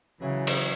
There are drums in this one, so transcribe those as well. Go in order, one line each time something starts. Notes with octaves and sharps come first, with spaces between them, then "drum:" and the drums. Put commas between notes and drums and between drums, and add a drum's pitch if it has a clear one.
C#3 E3 F#3
drum: cymbal